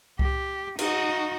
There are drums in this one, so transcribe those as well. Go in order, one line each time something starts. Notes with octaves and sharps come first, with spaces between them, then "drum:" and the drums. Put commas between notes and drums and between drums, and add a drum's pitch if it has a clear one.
G4, drum: kick C2
D#4 F#4, drum: cymbal